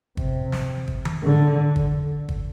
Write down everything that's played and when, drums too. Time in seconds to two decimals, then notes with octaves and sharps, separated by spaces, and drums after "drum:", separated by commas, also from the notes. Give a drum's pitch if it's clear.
0.17 C3, drum: kick
0.52 drum: snare
0.88 drum: kick
1.05 drum: tom D#3
1.23 D3
1.76 drum: kick
2.29 drum: kick